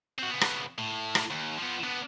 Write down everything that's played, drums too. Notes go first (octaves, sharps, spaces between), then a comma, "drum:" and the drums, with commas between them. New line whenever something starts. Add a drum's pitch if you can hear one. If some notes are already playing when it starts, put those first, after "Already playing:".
C4 F#4
C#3 B3
drum: rim click
A2
drum: rim click
D#2
F3 B3
B3 D4